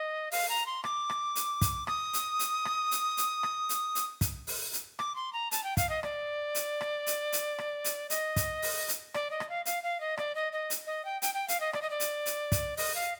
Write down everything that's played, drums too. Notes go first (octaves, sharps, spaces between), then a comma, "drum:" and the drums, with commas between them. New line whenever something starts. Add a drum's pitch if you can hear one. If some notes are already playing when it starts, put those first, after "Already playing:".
Already playing: D#5
F5, drum: open hi-hat
A#5
C6
D6, drum: rim click
drum: rim click
drum: hi-hat
drum: kick, hi-hat
D#6, drum: rim click
drum: hi-hat
drum: hi-hat
drum: rim click
drum: hi-hat
drum: hi-hat
drum: rim click
drum: hi-hat
drum: hi-hat
drum: kick, hi-hat
drum: open hi-hat
drum: hi-hat
D6, drum: rim click
C6
A#5
A5, drum: hi-hat
G5
F5, drum: kick, hi-hat
D#5
D5, drum: rim click
drum: hi-hat
drum: rim click
drum: hi-hat
drum: hi-hat
drum: rim click
drum: hi-hat
D#5, drum: hi-hat
drum: kick, hi-hat
drum: open hi-hat
drum: hi-hat
D5, drum: rim click
D#5
drum: rim click
F5
F5, drum: hi-hat
F5
D#5
D5, drum: rim click
D#5
D#5
drum: hi-hat
D#5
G5
G5, drum: hi-hat
G5
F5, drum: hi-hat
D#5
D5, drum: rim click
D#5
D5
drum: hi-hat
drum: hi-hat
drum: kick, hi-hat
D#5, drum: open hi-hat
F5